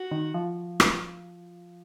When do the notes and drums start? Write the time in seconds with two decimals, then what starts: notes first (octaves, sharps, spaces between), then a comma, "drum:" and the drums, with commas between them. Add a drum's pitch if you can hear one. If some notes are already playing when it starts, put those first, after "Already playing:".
Already playing: F#4
0.11 D#3
0.34 F3
0.80 drum: rim click